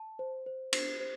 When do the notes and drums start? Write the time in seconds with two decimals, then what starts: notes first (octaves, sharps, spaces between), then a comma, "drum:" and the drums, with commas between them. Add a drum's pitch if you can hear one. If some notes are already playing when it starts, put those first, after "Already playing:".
Already playing: A5
0.19 C5
0.46 C5
0.73 C5, drum: cymbal
1.00 C5